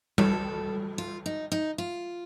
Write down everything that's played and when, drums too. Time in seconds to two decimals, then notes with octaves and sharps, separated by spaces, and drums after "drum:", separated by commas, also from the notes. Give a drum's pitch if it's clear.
0.18 A4, drum: tom G3
0.98 F4
1.26 D#4
1.52 D#4
1.78 F4